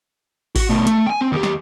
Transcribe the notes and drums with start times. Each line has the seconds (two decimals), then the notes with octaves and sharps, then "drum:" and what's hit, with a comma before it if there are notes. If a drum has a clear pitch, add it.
0.56 F#4, drum: kick G#1, open hi-hat
0.69 B2 A3
0.87 A3, drum: hi-hat
1.07 G5 G#5
1.21 C4
1.32 D#2 G4
1.43 drum: snare